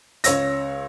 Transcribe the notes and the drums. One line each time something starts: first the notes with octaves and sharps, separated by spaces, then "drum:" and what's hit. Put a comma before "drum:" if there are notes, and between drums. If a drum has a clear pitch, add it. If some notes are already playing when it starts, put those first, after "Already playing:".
C#2 C#5 E6 A#6, drum: hi-hat